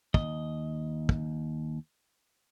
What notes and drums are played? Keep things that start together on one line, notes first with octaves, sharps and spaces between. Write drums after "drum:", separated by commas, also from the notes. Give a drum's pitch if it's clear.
D#2 D#5, drum: kick
drum: kick